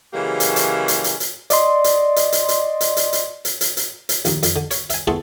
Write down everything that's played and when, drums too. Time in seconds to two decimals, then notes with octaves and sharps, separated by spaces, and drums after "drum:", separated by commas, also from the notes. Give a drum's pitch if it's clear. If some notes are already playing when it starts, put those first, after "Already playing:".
0.14 C#3 E3 F#3 G#3 A#3 G4
0.40 drum: hi-hat
0.56 drum: hi-hat
0.88 drum: hi-hat
1.04 drum: hi-hat
1.20 drum: hi-hat
1.50 D5 D#5 C6, drum: hi-hat
1.84 drum: hi-hat
2.16 drum: hi-hat
2.32 drum: hi-hat
2.48 drum: hi-hat
2.81 drum: hi-hat
2.97 drum: hi-hat
3.13 drum: hi-hat
3.45 drum: hi-hat
3.61 drum: hi-hat
3.77 drum: hi-hat
4.09 drum: hi-hat
4.25 A#1 D#2, drum: hi-hat
4.43 F2, drum: hi-hat
4.56 D3
4.71 C#5, drum: hi-hat
4.90 E5 G#5, drum: hi-hat
5.07 A2 B3 G#4 A4 C6 C#6